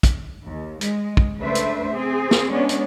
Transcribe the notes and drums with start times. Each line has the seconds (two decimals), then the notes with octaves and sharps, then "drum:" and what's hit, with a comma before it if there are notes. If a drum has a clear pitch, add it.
0.03 drum: kick, hi-hat
0.46 D#2
0.81 G#3, drum: hi-hat
1.17 drum: kick
1.39 C#3 A3 D4 B4 C5 E5
1.55 drum: hi-hat
1.93 C4 G#4
2.31 drum: snare
2.51 G#3 B3 C#4 D4
2.69 drum: hi-hat